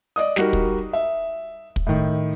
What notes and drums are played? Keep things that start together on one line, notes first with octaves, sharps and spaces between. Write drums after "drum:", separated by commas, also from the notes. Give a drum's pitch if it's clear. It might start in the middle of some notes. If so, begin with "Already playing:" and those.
D5 D#5 D#6
G3 D#4 F#4 A#4, drum: snare
drum: kick
E5
drum: kick
A2 D#3